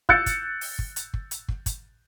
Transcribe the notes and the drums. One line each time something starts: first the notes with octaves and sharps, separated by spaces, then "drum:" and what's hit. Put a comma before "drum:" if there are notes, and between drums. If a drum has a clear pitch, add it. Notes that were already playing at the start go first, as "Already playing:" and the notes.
E6 F#6 G6 A6 C#7, drum: kick
drum: kick, hi-hat
drum: open hi-hat
drum: kick
drum: hi-hat
drum: kick
drum: hi-hat
drum: kick
drum: kick, hi-hat